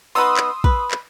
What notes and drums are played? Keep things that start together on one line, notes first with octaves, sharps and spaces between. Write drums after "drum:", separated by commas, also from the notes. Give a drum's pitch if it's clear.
B3 D#4 B4 C6 D#6 E6
drum: clap
B4, drum: kick
drum: clap